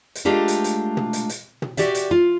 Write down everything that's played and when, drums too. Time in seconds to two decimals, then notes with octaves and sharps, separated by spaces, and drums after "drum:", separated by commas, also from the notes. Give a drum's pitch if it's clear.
0.15 drum: hi-hat
0.25 G#3 A3 D4 F4 G4 A#4
0.48 drum: hi-hat
0.64 drum: hi-hat
0.97 drum: tom
1.13 drum: hi-hat
1.29 drum: hi-hat
1.62 drum: tom
1.77 F#4 G4 D5 E5, drum: hi-hat
1.95 drum: hi-hat
2.11 F4